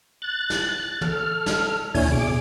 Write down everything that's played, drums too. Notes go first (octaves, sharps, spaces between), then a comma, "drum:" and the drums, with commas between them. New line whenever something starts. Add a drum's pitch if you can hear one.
F#6 A6
drum: snare
A4 F6, drum: tom
drum: snare
D#2 A#2 D4 E4 C#5 G#5, drum: open hi-hat
B2 G#4 D6